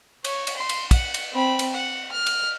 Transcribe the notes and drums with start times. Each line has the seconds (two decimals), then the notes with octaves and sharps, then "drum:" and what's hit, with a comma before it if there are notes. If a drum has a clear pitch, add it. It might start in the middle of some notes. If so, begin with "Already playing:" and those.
0.24 C#5, drum: cymbal
0.47 drum: cymbal
0.56 C6
0.69 drum: cymbal
0.91 F#5, drum: kick, cymbal
1.14 drum: cymbal
1.33 C4 B5
1.59 drum: cymbal
1.74 F#5
2.12 F6
2.26 drum: cymbal